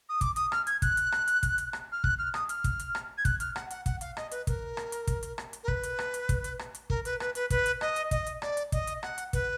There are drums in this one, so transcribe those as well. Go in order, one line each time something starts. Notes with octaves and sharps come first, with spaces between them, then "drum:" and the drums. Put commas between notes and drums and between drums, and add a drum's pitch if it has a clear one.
D#6
D6, drum: kick, hi-hat
D#6, drum: hi-hat
F6, drum: rim click
G#6, drum: hi-hat
F#6, drum: kick, hi-hat
drum: hi-hat
drum: rim click
drum: hi-hat
drum: kick, hi-hat
drum: hi-hat
drum: rim click
F6
F#6, drum: kick
F6
D#6, drum: rim click
F6, drum: hi-hat
drum: kick, hi-hat
drum: hi-hat
drum: rim click
G#6
F#6, drum: kick, hi-hat
F6, drum: hi-hat
F#5, drum: rim click
F#5, drum: hi-hat
F#5, drum: kick, hi-hat
F5, drum: hi-hat
D#5, drum: rim click
B4, drum: hi-hat
A#4, drum: kick, hi-hat
drum: rim click
drum: hi-hat
drum: kick, hi-hat
drum: hi-hat
drum: rim click
drum: hi-hat
A#4
B4, drum: kick
drum: hi-hat
drum: rim click
drum: hi-hat
drum: kick, hi-hat
drum: hi-hat
drum: rim click
drum: hi-hat
A#4, drum: kick
B4, drum: hi-hat
B4, drum: rim click
B4, drum: hi-hat
B4, drum: kick, hi-hat
drum: hi-hat
D#5, drum: rim click
drum: hi-hat
D#5, drum: kick, hi-hat
drum: hi-hat
D5, drum: rim click
drum: hi-hat
D#5, drum: kick, hi-hat
drum: hi-hat
F#5, drum: rim click
drum: hi-hat
B4, drum: kick, hi-hat